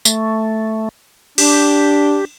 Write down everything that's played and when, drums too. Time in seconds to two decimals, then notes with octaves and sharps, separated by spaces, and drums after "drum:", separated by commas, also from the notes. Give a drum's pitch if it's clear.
0.05 A3, drum: tambourine
1.38 D4 G4, drum: cymbal